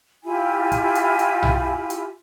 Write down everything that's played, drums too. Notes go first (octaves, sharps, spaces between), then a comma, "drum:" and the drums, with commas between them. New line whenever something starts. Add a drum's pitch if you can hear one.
E4 F4 G4 G#5
drum: kick, hi-hat
drum: hi-hat
drum: hi-hat
drum: tom B1
drum: hi-hat